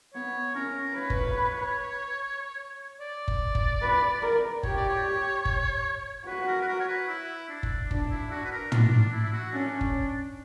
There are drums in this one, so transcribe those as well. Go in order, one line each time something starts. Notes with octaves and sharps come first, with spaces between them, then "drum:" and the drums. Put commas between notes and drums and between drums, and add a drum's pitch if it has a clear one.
B3 C#5
C#4 A#4
B4 C#5
drum: kick F#1
D5
drum: kick F#1
drum: kick F#1
B4
A#4
G4 C#5, drum: kick F#1
D5
C#5
drum: kick F#1
F#4 B4
B4
A#4
B4
A#4
C#5
B4
E4
D4
drum: kick F#1
D4, drum: kick F#1
E4
F#4
B4
A#4
D4, drum: tom
D4
E4
E4
F#4
C#4 D4
drum: kick F#1